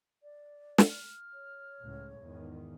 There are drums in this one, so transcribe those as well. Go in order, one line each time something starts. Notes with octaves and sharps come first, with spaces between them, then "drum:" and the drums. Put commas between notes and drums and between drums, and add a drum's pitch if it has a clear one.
D5
drum: snare
F6
C#5
C#2 A2
E2 G#2 D#3